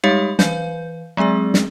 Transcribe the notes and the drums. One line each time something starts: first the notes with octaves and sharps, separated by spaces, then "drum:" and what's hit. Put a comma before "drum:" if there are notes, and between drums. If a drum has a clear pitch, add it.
G3 G#3 D#4 G4 C#5 F5
E3 B4 F5 G6, drum: snare
F#3 G#3 C4 G#4 D5
drum: snare